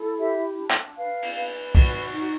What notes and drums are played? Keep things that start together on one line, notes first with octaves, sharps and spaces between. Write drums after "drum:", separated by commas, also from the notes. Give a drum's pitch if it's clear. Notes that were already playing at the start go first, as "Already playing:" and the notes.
Already playing: E4 A4
G4 E5
D4
drum: clap
B4 F5
drum: cymbal
B4
F#4, drum: kick, cymbal
D#4